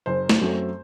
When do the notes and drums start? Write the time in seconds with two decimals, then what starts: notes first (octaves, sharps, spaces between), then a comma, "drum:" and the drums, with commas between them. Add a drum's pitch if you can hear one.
0.06 F#1 C5
0.29 drum: snare
0.41 F#2 F#3 A3 C4